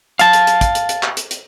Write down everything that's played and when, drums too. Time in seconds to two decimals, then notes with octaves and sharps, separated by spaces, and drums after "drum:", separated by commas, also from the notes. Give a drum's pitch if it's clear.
0.19 F5 A5, drum: hi-hat
0.33 drum: hi-hat
0.47 drum: hi-hat
0.61 drum: kick, hi-hat
0.75 drum: hi-hat
0.89 drum: hi-hat
1.03 drum: clap
1.17 drum: hi-hat
1.31 drum: hi-hat